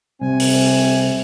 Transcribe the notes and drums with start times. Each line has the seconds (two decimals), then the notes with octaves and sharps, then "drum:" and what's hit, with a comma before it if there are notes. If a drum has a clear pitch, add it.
0.21 C2 C3 C4 G#5
0.40 drum: open hi-hat